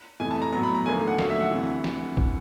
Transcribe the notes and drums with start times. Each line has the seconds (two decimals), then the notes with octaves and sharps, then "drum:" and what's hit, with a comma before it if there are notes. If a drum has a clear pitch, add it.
0.20 F2 C3 E3 A3 G#5
0.31 A5
0.42 A#5
0.53 A2 F#3 B3 A#5
0.63 B5
0.75 A#5
0.86 D#2 D3 F3 A3 G#5
1.08 F#5
1.19 D#2 D3 F#3 A3 F5, drum: snare
1.30 E5
1.40 F#5
1.51 D2 C3 E3
1.84 drum: snare
2.17 drum: kick